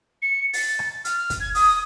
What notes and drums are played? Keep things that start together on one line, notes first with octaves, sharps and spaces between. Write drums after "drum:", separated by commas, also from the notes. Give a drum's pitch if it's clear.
C#7
A6, drum: open hi-hat
drum: rim click
F6, drum: hi-hat
drum: kick, hi-hat
G#6
D#6, drum: open hi-hat